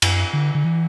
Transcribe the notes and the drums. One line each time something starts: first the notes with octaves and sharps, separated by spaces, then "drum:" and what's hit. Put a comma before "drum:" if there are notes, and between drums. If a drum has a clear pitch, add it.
F#2, drum: cymbal
D3
D3
E3